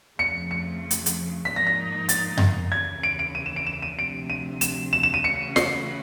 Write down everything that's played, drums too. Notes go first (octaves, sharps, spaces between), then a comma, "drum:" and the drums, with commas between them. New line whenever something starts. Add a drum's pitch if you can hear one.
F2 C#3 F3 A3 C#7
C#7
drum: hi-hat
drum: hi-hat
G#2 F3 A#3 D#4 B6
A#6
A#6
A6, drum: hi-hat
drum: tom F#2
D#2 C#3 E3 G#6
D7
D7
D#7
E7
D7
E7
D#7
D2 C3 F3 D7
D#7
E7, drum: hi-hat
E7
E7
D#7
C#3 E3 A3 C#4 F#4 C#7
C7, drum: snare